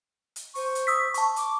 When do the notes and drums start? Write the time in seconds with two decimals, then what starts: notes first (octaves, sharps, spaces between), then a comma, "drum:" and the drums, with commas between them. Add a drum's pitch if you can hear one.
0.36 drum: hi-hat
0.55 C5 C#6, drum: open hi-hat
0.75 drum: hi-hat
0.87 D#6 E6 B6
1.14 A5 C#6, drum: hi-hat
1.36 D6, drum: hi-hat